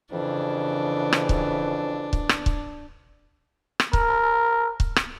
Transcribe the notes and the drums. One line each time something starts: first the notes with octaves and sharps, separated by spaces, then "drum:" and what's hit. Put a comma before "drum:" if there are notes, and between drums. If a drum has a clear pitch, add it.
F2 C#3 E3 D4
drum: rim click
drum: kick C#1
drum: kick C#1
drum: rim click
drum: kick C#1
drum: rim click
A#4, drum: kick C#1
drum: kick C#1
drum: rim click